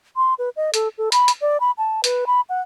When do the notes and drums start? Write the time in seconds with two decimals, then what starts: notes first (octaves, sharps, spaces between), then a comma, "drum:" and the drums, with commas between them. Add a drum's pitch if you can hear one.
0.17 C6
0.39 B4
0.56 D#5
0.74 A4, drum: hi-hat
0.98 A4
1.12 B5, drum: hi-hat
1.28 drum: hi-hat
1.41 D5
1.60 B5
1.78 A5
2.04 B4, drum: hi-hat
2.27 B5
2.49 F#5